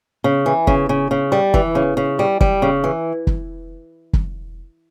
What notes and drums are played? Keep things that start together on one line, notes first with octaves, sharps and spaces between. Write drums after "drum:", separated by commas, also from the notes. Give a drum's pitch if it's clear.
C#3
E3
C#3, drum: kick
C#3
C#3
G3
E3, drum: kick
C#3
C#3
G3
G3, drum: kick
C#3
E3
drum: kick
drum: kick